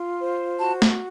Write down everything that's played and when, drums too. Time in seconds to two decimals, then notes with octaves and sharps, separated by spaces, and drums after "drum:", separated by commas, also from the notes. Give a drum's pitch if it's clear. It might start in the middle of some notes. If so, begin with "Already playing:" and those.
Already playing: F4
0.20 C5
0.59 F#4 A5
0.82 drum: snare